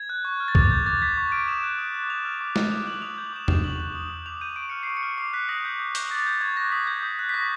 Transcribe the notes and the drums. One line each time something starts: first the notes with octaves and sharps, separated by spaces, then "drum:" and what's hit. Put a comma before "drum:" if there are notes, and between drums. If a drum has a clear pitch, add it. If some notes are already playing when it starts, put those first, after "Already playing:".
Already playing: G#6
F#6
C#6
F6
A6
D6 G#6, drum: kick
G6
D6 A6
G6 B6
C#6
F6 D7
D#6 E7
F#6
D#6
F#6
C#6 F7
F6
D6
F6, drum: snare
D6 F7
F#6 F#7
D#6 F7
G6
D6 E7
G6 F7, drum: tom E2
C#6 F#7
F#6
D#6
G6
D6 F7
G6 D#7
C#6 D7
F6 C#7
C#6 C7
C#7
F6
D6 C7
F#6 B6
D#6 A#6
G6
D#6
G6, drum: hi-hat
D6 A6
G6
C#6 G#6
F#6 A#6
D#6 B6
G6
D#6
F#6
B6
C#6 A#6